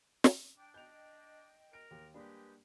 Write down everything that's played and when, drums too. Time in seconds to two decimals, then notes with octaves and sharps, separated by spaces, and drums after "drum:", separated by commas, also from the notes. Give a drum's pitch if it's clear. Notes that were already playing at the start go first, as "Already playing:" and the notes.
0.24 drum: snare
0.57 D4 G5
0.74 D#5 G5 G6 F7
1.73 A#4 D7
1.91 D#2
2.14 G3 G#3 A#3 D4 G4 B4